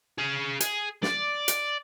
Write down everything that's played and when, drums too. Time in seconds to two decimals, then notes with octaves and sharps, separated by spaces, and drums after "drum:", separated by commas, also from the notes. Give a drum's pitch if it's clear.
0.18 G#4 F5
0.60 G#4, drum: hi-hat
1.03 D5, drum: snare
1.48 drum: hi-hat